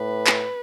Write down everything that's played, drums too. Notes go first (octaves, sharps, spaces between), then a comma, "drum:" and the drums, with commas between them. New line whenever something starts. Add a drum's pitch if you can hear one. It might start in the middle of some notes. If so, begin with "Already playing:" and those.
Already playing: A2 B4
drum: clap